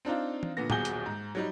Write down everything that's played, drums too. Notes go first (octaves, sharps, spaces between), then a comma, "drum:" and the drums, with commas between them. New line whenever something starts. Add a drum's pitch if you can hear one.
C4 D4 D#4 F4
drum: tom E3
A#2 D3 B3 A#6
D#1 B1 F#4 G#4 G6 G7, drum: tom
drum: hi-hat
G#2
F#3 G3 D#4